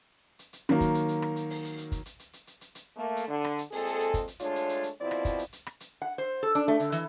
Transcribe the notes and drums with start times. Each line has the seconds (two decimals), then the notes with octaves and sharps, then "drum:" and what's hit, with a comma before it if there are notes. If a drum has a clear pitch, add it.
0.39 drum: hi-hat
0.53 drum: hi-hat
0.69 D#3 F#3 A#3, drum: rim click
0.81 drum: kick, hi-hat
0.95 drum: hi-hat
1.08 drum: hi-hat
1.22 drum: rim click
1.36 drum: hi-hat
1.50 drum: open hi-hat
1.64 drum: hi-hat
1.78 drum: hi-hat
1.92 drum: kick, hi-hat
2.06 drum: hi-hat
2.19 drum: hi-hat
2.33 drum: hi-hat
2.47 drum: hi-hat
2.61 drum: hi-hat
2.75 drum: hi-hat
2.97 A3 A#3
3.17 drum: hi-hat
3.27 D3
3.44 drum: rim click
3.58 drum: hi-hat
3.72 A#2 G#3 C4 G#4 A4, drum: open hi-hat
3.86 drum: hi-hat
4.00 drum: hi-hat
4.14 drum: kick, hi-hat
4.28 drum: hi-hat
4.39 G#3 A3 D4 F4 C#5, drum: hi-hat
4.55 drum: hi-hat
4.69 drum: hi-hat
4.83 drum: hi-hat
5.00 F2 B2 F3 C4 E4 D5
5.11 drum: rim click
5.25 drum: kick, hi-hat
5.39 drum: hi-hat
5.53 drum: hi-hat
5.67 drum: rim click
5.80 drum: hi-hat
6.02 F#5
6.18 C5
6.43 A4
6.55 D4
6.68 A3
6.80 D3, drum: hi-hat
6.92 E3, drum: hi-hat